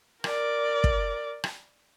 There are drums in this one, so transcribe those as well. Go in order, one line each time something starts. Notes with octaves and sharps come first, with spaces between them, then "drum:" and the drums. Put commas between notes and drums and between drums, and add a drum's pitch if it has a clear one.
A#4 D5, drum: rim click
drum: kick
drum: rim click